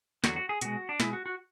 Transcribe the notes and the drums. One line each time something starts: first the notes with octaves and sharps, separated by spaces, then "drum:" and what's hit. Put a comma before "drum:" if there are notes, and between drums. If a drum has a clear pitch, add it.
E2 D3 F#3 F#4, drum: snare
F#4
G#4
B2 G#3 F#4, drum: hi-hat
D4
B2 G#3 E4, drum: snare
F#4
F#4